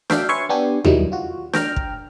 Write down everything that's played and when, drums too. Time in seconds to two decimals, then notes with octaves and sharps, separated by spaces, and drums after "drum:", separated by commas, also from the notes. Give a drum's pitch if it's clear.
0.10 D4 F#4 E5 F5 G5, drum: snare D4
0.29 B4 C#5 E5 G#5 C6 C#6
0.49 B3 D4 G4 G#5
0.85 D#3 F#3 G3 D#4 E4, drum: tom D#2
1.12 F4 F#4
1.53 G5 A#5 F6, drum: snare D4
1.76 drum: kick